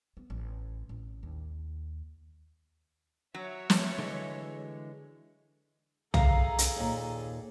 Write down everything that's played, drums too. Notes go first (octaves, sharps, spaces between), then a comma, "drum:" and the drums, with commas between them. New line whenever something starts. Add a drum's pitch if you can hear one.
B3
A1
A1
D#2
F#3 C#5 E5
drum: snare
D3 E3 G#3
G#4 A4 F5 A#5, drum: tom
drum: hi-hat
D#2 A#2